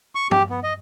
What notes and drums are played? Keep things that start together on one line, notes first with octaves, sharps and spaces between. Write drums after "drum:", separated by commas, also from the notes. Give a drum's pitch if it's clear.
C#6
G4, drum: tom
B3
D#5